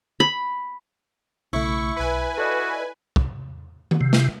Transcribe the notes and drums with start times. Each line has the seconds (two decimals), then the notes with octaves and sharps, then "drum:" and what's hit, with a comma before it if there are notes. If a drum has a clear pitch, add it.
0.20 B5
1.53 B1 C#3 A3 E4 C#6
1.96 B1 B4 G#5 B5
2.38 F#4 A4 D5 D#5
3.16 drum: kick
3.91 drum: tom D#3
4.01 C3
4.13 drum: snare